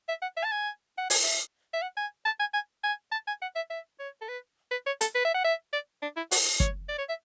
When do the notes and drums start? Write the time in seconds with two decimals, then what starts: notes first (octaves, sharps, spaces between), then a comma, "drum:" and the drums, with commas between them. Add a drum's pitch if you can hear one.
0.08 E5
0.22 F#5
0.37 E5
0.44 A5
0.51 G#5
0.98 F#5
1.10 G#5, drum: open hi-hat
1.24 E5
1.74 E5
1.82 F#5
1.97 G#5
2.25 A5
2.40 G#5
2.54 G#5
2.84 G#5
3.12 A5
3.27 G#5
3.42 F#5
3.56 E5
3.70 E5
3.99 C#5
4.21 A4
4.29 B4
4.71 B4
4.86 C#5
5.01 A4, drum: hi-hat
5.15 B4
5.25 E5
5.34 F#5
5.44 E5
5.73 D5
6.02 D4
6.16 E4
6.31 F#4, drum: open hi-hat
6.60 C#5, drum: kick
6.89 D5
6.98 C#5
7.09 E5